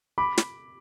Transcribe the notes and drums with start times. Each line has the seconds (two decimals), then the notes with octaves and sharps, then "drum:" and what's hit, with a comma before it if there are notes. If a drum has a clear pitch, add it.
0.18 B5 D6
0.38 drum: snare